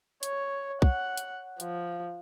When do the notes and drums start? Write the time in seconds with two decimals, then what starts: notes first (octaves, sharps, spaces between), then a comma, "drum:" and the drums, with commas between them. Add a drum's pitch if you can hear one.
0.23 C#5, drum: hi-hat
0.82 F#5, drum: kick
1.17 drum: hi-hat
1.60 F3, drum: hi-hat